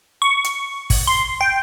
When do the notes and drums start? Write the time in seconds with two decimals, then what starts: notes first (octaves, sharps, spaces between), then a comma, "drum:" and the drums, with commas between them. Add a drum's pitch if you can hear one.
0.22 C#6
0.44 drum: hi-hat
0.90 drum: kick, open hi-hat
1.07 C6
1.41 G5